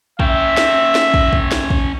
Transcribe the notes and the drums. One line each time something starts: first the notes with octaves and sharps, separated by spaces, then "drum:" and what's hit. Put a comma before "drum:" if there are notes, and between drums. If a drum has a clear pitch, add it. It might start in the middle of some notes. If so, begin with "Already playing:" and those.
C#4 E5 G5, drum: kick
drum: snare
drum: snare
drum: kick
drum: kick
drum: snare
drum: kick